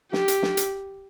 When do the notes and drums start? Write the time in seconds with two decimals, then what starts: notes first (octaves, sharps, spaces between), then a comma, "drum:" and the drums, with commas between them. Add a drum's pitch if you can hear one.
0.13 G4, drum: snare
0.28 drum: hi-hat
0.43 drum: snare
0.57 drum: hi-hat